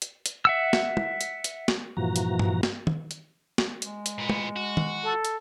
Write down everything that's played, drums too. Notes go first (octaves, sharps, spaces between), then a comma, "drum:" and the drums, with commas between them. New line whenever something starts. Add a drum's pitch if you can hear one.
drum: hi-hat
drum: hi-hat
E5 F#5 E6
drum: snare
drum: tom
drum: hi-hat
drum: hi-hat
drum: snare
G2 A#2 E3 F3 F#4 A#5
drum: hi-hat
drum: tom G2
drum: snare
drum: tom D#3
drum: hi-hat
drum: snare
G#3, drum: hi-hat
drum: hi-hat
A#2 B3
drum: tom
F#4
drum: tom D#3
A4
drum: hi-hat